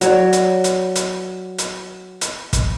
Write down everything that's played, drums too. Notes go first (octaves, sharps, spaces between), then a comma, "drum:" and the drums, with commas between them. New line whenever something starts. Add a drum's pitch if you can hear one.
F#3 C#5 D5, drum: hi-hat
drum: hi-hat
drum: hi-hat
drum: hi-hat
drum: hi-hat
drum: hi-hat
drum: kick, hi-hat